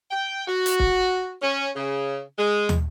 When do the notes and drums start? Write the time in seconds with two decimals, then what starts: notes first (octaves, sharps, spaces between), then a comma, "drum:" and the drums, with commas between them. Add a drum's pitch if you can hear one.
0.11 G5
0.47 F#4
0.66 drum: hi-hat
0.80 drum: kick
1.42 C#4
1.76 C#3
2.38 G#3
2.69 drum: tom